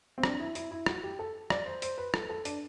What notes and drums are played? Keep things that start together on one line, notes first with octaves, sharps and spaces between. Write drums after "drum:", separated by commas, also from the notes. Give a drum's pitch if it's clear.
C4
D4, drum: rim click
E4
E4, drum: hi-hat
E4
F#4, drum: rim click
G4
A4
D5, drum: rim click
C5
C5, drum: hi-hat
B4
A4, drum: rim click
A4
D4, drum: hi-hat